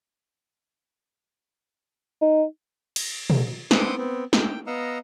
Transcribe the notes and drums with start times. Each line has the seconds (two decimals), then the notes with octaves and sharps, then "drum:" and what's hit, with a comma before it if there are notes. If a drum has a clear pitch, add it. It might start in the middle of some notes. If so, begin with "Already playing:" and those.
2.22 D#4
2.96 drum: cymbal
3.30 drum: tom
3.71 C4 B4 F#5 C6 D6 D#6, drum: snare
3.98 B3 C4
4.33 G5, drum: snare
4.67 B3 D#5 F5 F#5 A#5 E6